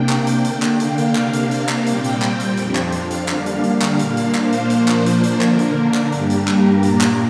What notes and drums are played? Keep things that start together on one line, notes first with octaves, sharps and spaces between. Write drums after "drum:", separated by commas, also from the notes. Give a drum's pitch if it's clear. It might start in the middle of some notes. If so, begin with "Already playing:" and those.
Already playing: C3 A#3 D4 G5
drum: clap
drum: hi-hat
D3 A#3 D4, drum: hi-hat
drum: clap
F5, drum: hi-hat
drum: hi-hat
C3 A#3 D4 F5, drum: clap
drum: hi-hat
drum: hi-hat
drum: clap
A#2 G3 C4 G5, drum: hi-hat
drum: hi-hat
drum: clap
drum: hi-hat
F2 F3 D4, drum: hi-hat
drum: clap
F5, drum: hi-hat
drum: hi-hat
D3 G3 A#3 D4, drum: clap
drum: hi-hat
F5, drum: hi-hat
drum: clap
A#2 A#3 D4, drum: hi-hat
drum: hi-hat
C5, drum: clap
drum: hi-hat
A#2 F3 A#3 D4, drum: hi-hat
drum: clap
C5, drum: hi-hat
drum: hi-hat
D3 A#3 D4 A#4, drum: clap
drum: hi-hat
drum: clap
G2 G3 A#3 D4 G4, drum: hi-hat
drum: hi-hat
A#4, drum: clap
A#2 A#3 D4, drum: hi-hat
drum: clap